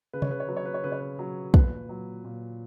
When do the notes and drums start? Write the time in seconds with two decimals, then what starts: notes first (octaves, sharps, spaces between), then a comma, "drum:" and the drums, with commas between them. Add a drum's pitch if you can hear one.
0.13 C#3 B4
0.22 C#5, drum: tom C3
0.31 B4
0.40 C#5
0.48 F#3 B4
0.57 C#5
0.65 B4
0.74 C#5
0.84 C#3 B4
0.92 C#5
1.00 B4
1.19 F#3
1.54 A#2 B4, drum: kick
1.89 F#3
2.24 A#2